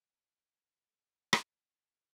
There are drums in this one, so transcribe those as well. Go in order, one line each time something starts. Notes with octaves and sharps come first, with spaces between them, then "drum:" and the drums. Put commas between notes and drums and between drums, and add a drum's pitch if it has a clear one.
C#5 G#5 A5 B5
A4
drum: rim click